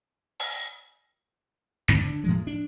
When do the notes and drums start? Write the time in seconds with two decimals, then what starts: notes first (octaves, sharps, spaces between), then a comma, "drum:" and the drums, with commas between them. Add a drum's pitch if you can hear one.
0.40 drum: open hi-hat
1.88 G#2 D3 C4, drum: snare
2.00 D3 D4
2.24 A2 F3 G#3
2.47 D4